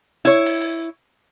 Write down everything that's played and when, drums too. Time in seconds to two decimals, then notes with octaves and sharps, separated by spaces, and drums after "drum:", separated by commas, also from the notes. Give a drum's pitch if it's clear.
0.25 E4 C#5
0.46 drum: open hi-hat
0.61 drum: open hi-hat